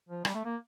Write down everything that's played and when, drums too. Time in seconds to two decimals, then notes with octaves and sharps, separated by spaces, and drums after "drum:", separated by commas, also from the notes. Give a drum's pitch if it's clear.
0.09 F3
0.25 G3, drum: rim click
0.35 A3
0.45 A#3